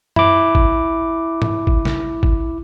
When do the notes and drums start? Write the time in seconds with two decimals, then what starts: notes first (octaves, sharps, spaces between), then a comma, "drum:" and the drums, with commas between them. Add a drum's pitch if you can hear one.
0.16 E4 D6, drum: tom F#2
0.55 drum: kick G#1
1.42 drum: tom G#2
1.67 drum: kick G#1
1.85 drum: snare
2.23 drum: kick G#1